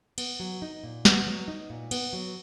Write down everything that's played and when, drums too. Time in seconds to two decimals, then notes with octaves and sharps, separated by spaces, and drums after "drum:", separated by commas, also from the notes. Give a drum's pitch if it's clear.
0.18 B3, drum: cymbal
0.40 F#3
0.62 D#4
0.83 A#2
1.05 B3, drum: snare
1.27 F#3
1.48 D#4
1.70 A#2
1.91 B3, drum: cymbal
2.13 F#3